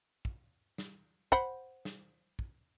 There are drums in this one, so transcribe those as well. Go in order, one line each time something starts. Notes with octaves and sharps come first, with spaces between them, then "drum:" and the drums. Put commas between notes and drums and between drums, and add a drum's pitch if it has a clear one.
drum: kick
drum: snare
C5 F#5 B5, drum: kick
drum: snare
drum: kick